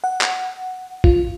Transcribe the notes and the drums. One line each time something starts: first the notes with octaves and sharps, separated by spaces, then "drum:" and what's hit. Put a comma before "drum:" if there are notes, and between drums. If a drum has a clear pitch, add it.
F#5
drum: clap
F4, drum: kick